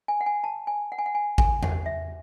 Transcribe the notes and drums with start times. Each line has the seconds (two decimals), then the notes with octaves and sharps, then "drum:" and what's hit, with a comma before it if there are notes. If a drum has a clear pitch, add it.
0.08 G#5
0.21 F#5
0.26 G#5
0.44 A5
0.67 G#5
0.92 F#5
0.98 G#5
1.06 F#5
1.15 G#5
1.38 G#5, drum: kick G#1
1.63 F#5, drum: tom E2
1.86 E5